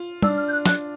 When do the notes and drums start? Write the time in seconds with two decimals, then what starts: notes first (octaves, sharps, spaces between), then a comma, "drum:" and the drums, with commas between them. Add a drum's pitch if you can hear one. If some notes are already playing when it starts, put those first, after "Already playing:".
Already playing: F4
0.22 D4 E6, drum: tom G3
0.37 F6
0.48 G6
0.52 F#6
0.66 F#6, drum: snare